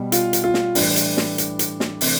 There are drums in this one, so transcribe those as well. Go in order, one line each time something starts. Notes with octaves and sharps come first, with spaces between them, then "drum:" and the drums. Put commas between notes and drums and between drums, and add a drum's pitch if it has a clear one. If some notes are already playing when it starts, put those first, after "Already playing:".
Already playing: B2 G3
F4, drum: hi-hat
drum: hi-hat
F4
drum: snare
A2 E3 G3 D4, drum: open hi-hat
drum: hi-hat
drum: snare
drum: hi-hat
drum: hi-hat
drum: snare
C3 E3 A3, drum: open hi-hat